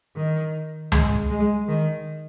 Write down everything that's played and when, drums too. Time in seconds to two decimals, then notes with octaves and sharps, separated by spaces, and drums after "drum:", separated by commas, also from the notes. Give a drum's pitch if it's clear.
0.16 D#3
0.92 G#3, drum: tom C#2
1.30 G#3
1.68 D#3